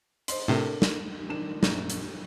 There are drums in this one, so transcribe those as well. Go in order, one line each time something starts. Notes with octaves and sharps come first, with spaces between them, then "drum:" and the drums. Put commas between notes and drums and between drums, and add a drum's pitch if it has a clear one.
C5 D#5 C6, drum: hi-hat
A2 C3 D4 A4 A#4
drum: snare
D#3 D4 E7
A#1 F#2, drum: snare
drum: hi-hat